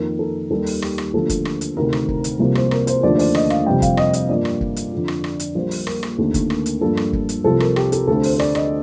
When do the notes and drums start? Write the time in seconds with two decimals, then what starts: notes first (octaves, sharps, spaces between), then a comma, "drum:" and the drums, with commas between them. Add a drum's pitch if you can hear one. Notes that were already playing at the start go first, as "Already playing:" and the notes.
Already playing: F2 D#3 A#3 A#4
0.19 A4
0.50 D#2 D#3 G3 A4
0.66 drum: open hi-hat
0.82 G4, drum: rim click
0.98 drum: rim click
1.14 D2 D3 F3 A#3 A4
1.29 drum: kick, hi-hat
1.45 drum: rim click
1.61 drum: hi-hat
1.77 D2 C3 D#3 A#4
1.93 drum: rim click
2.08 drum: kick
2.24 drum: hi-hat
2.40 C2 C3 F3 A#3 C5
2.55 C5, drum: rim click
2.71 A#4, drum: rim click
2.87 C5, drum: hi-hat
3.03 D#2 D3 F3 A3 D5
3.15 C5
3.19 D5, drum: open hi-hat
3.35 D#5, drum: rim click
3.50 F5, drum: rim click
3.66 F2 C3 G3 G5
3.82 F5, drum: kick, hi-hat
3.97 D#5, drum: rim click
4.13 D#5, drum: hi-hat
4.29 G2 F3 A#3 D5
4.45 drum: rim click
4.61 drum: kick
4.76 drum: hi-hat
4.92 F2 D3 F3
5.08 drum: rim click
5.24 drum: rim click
5.40 drum: hi-hat
5.55 A#1 A#2 G3 A#3 C5
5.71 drum: open hi-hat
5.87 A#4, drum: rim click
6.03 drum: rim click
6.18 D#2 D3 A3 C4
6.34 drum: kick, hi-hat
6.50 drum: rim click
6.66 drum: hi-hat
6.81 G2 F3 A#3 A4
6.97 drum: rim click
7.13 drum: kick
7.29 drum: hi-hat
7.44 C2 C3 F3 A4
7.60 A#4, drum: rim click
7.76 G4, drum: rim click
7.92 A4, drum: hi-hat
8.07 D2 D3 A3 C4 A4
8.23 C5, drum: open hi-hat
8.34 C5
8.39 D5, drum: rim click
8.55 D#5, drum: rim click